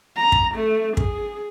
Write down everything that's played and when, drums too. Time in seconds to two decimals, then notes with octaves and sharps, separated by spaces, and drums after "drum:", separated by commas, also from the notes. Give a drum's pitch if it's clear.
0.16 A#5
0.32 drum: kick
0.55 A3
0.97 G#4, drum: kick